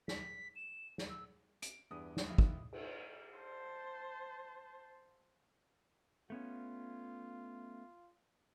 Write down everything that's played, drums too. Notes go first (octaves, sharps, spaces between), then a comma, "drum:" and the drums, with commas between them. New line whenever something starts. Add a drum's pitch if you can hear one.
B6, drum: snare
E7
drum: snare
E6
D7, drum: hi-hat
E2 G2 D#6
drum: snare
D#3 F3 A3 E4 D#5 F5
drum: kick
drum: cymbal
C5 A5
A3 B3 C#4 F4